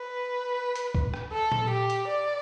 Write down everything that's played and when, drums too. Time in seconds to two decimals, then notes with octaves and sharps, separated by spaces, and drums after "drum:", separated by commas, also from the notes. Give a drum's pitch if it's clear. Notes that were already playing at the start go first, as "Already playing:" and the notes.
Already playing: B4
0.76 drum: hi-hat
0.95 drum: kick
1.14 drum: rim click
1.33 A4
1.52 drum: tom A#2
1.71 G4
1.90 drum: hi-hat
2.08 D5